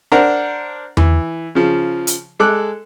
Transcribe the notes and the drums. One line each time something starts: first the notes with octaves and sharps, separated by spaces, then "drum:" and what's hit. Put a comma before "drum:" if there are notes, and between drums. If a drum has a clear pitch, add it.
D4 A#4 C5 F#5 A#5
E3, drum: tom E2
C#3 F3
drum: hi-hat
G#3 A4 D6 F#6